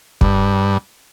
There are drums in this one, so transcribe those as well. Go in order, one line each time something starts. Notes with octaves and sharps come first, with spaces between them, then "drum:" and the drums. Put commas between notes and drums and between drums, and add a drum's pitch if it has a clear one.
G2, drum: kick